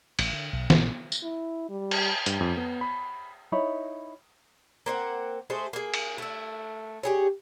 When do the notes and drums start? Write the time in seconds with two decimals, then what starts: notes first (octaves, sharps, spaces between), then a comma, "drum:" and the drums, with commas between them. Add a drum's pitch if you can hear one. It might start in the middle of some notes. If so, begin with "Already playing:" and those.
0.19 A1, drum: cymbal
0.33 D3
0.53 B1
0.70 A#1, drum: snare
1.12 drum: tambourine
1.22 E4
1.69 G3
1.91 drum: cymbal
2.26 G2, drum: hi-hat
2.40 F2
2.57 B3
2.81 B5
3.52 D#4 E4 C#5 B5
4.86 A#3 C4 F#5
5.50 G#3 A3 G#4 C5
5.73 A#3 G#4
5.94 drum: cymbal
6.18 A3 E5
7.03 G4 G#4 C#5